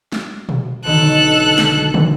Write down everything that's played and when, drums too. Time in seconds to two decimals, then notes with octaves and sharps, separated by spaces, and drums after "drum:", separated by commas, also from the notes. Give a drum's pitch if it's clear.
0.12 drum: snare
0.49 drum: tom B2
0.85 B1 D3 D#3 A4 F#6
1.58 drum: snare
1.94 drum: tom